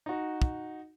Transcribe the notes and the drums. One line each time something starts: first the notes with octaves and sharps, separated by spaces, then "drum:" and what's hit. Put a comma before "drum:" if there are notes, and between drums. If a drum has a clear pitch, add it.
D#4 F#4
drum: kick